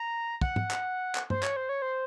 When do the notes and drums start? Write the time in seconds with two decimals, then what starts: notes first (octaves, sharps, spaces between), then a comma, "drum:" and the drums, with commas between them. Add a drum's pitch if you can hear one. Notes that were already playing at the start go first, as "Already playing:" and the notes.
Already playing: A#5
0.41 F#5, drum: kick
0.56 drum: tom G#2
0.71 drum: clap
1.15 drum: clap
1.30 C5, drum: tom G2
1.43 C#5, drum: clap
1.56 C5
1.69 C#5
1.82 C5